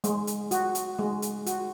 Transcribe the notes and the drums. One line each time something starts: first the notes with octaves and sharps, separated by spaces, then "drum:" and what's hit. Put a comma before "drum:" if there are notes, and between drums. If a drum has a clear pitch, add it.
G#3, drum: hi-hat
drum: hi-hat
F#4, drum: hi-hat
drum: hi-hat
G#3
drum: hi-hat
F#4, drum: hi-hat